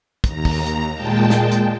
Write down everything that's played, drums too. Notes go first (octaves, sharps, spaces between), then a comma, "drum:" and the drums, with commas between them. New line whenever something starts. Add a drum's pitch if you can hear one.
D#2 A#5, drum: kick, hi-hat
drum: kick, open hi-hat
drum: hi-hat
A#2 G#3 G5 A5
drum: snare
drum: hi-hat